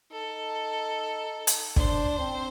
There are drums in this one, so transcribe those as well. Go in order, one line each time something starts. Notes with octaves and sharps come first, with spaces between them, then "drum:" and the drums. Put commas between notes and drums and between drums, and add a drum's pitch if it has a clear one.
D#4 A4
drum: hi-hat
D4 C5, drum: kick
C4